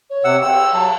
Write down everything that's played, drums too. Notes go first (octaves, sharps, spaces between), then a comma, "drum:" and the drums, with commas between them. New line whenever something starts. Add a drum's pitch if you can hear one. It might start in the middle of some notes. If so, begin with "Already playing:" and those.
C#5
C3 F#5 E6
G5 E6, drum: cymbal
F#3 A5